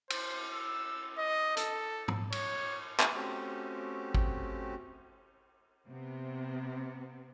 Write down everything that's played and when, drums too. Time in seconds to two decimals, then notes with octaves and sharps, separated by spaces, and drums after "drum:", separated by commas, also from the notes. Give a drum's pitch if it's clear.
0.10 C5, drum: cymbal
0.53 E6
1.18 D#5
1.57 A4, drum: hi-hat
2.08 drum: tom
2.32 C#5, drum: cymbal
3.00 drum: clap
3.15 A3 C4 C#4 F#4 G4
4.15 drum: kick G#1
5.88 C3 B3 C4